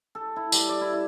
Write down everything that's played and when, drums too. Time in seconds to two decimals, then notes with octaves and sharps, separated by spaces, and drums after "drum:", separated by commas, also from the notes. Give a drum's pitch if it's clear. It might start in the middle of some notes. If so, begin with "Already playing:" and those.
0.15 A4
0.36 E4
0.52 G3, drum: tambourine
0.69 D5
0.81 E4
0.93 E4